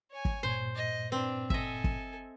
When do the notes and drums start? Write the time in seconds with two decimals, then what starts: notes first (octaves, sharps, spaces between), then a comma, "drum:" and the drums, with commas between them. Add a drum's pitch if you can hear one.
0.11 C#5 G#5
0.25 drum: kick
0.43 G2 A#2 C5
0.75 D#5
1.12 C4 D4 B4
1.50 A4 D#5 E5 G#5, drum: kick
1.84 drum: kick